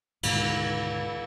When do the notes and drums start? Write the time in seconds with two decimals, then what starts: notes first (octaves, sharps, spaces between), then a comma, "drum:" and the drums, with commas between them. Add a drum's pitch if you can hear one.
0.23 D2 G#2 B2 D#3, drum: cymbal